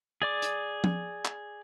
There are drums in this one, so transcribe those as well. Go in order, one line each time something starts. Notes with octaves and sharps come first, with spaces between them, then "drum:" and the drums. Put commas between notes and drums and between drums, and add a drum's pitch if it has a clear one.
G#4 D5 D6
drum: hi-hat
drum: tom
drum: clap